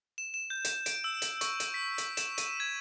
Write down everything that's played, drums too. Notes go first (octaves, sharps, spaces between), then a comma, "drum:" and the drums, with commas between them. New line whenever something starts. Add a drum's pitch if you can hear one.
E7
E7
G6
drum: hi-hat
D7, drum: hi-hat
E6
drum: hi-hat
C#6, drum: hi-hat
drum: hi-hat
B6
drum: hi-hat
E7, drum: hi-hat
D#7, drum: hi-hat
G#6